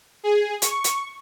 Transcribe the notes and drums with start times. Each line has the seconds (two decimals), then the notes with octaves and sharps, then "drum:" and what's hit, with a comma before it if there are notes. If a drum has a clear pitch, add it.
0.24 G#4
0.62 C#6, drum: hi-hat
0.84 drum: hi-hat